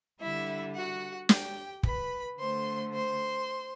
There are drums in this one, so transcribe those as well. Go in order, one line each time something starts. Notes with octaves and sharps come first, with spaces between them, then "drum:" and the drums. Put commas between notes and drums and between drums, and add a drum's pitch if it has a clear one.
D3 G3 E4 E5
F#4 F#5
G4 G5, drum: snare
B4 B5, drum: kick
D3 A3 C5 C6
C5 C6